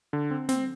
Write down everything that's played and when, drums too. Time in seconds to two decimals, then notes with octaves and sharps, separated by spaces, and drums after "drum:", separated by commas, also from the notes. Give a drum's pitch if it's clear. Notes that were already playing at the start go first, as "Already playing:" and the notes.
0.13 D3
0.31 C4
0.49 C4, drum: snare